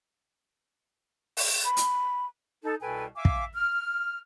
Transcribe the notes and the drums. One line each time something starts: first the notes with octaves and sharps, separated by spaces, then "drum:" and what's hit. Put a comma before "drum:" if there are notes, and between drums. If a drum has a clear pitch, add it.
drum: open hi-hat
B5
drum: hi-hat
D#4 A4
C2 B2 A4 B4 G5 G#5
E5 F5 G#5 D6
drum: kick
F6